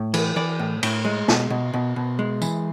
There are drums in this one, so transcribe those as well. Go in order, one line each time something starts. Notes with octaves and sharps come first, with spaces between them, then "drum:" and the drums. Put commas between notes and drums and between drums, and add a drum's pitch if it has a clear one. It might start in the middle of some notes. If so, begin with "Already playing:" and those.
Already playing: A2
E3, drum: cymbal
E3 D5
A2
A2, drum: cymbal
G#3
B2, drum: snare
B2
B2
B2
G#3
E3, drum: tambourine